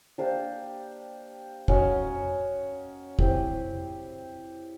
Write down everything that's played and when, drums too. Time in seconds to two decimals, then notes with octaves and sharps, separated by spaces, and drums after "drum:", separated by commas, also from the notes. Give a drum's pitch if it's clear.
0.18 A#3 D4 G4 C5
1.68 C#4 F#4 A#4 D#5, drum: kick
3.19 C4 E4 G4 B4, drum: kick